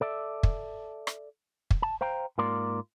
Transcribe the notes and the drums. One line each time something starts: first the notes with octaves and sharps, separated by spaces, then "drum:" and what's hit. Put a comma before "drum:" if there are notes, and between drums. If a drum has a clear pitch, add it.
A4 D5 E5
drum: kick
drum: rim click
drum: kick
A5
C5 F5 G5 A#5
G#2 A#3 F4 A#4 D5 C6